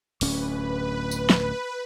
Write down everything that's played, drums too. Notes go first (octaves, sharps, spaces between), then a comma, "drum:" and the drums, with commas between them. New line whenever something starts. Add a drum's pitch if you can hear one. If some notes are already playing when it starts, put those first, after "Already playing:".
D1 C#4 B4, drum: open hi-hat
drum: tambourine
drum: snare